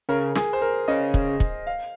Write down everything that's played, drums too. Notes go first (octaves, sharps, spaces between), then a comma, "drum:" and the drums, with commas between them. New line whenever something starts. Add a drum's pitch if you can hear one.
C#3 A#4
G#4, drum: snare
C5
A#4
C#3 D#5
drum: kick
drum: kick
F5